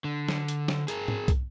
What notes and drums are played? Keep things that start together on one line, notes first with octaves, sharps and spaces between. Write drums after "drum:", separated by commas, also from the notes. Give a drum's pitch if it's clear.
D3
drum: snare
drum: hi-hat
drum: snare
G#4 A#4, drum: hi-hat
drum: tom G#2
drum: kick, hi-hat